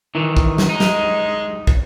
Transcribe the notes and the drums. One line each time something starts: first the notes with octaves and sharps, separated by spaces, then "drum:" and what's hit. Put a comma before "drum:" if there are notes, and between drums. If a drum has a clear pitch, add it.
D#3 E3
drum: kick
drum: snare
G#3 D#4
drum: snare
drum: kick